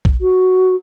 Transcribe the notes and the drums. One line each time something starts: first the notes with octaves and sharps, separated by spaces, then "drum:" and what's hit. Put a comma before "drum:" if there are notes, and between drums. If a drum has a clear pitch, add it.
drum: kick
F#4